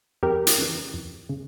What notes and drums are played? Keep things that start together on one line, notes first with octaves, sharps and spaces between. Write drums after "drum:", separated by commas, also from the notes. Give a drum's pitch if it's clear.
F2 G4 A#4
drum: hi-hat
C#3 E3
F2
C#3